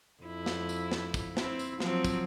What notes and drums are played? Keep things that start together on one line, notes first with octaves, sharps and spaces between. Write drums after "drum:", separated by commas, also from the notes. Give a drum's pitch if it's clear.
F2 E4
drum: snare
drum: tambourine
drum: snare
drum: kick, tambourine
C4 E4, drum: snare
drum: tambourine
F3 F#3 C4, drum: snare
drum: kick, tambourine